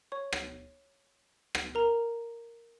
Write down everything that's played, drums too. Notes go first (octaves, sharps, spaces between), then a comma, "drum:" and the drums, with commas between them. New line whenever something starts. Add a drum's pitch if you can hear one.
C#5 C#6
drum: rim click
drum: rim click
A#4 A#5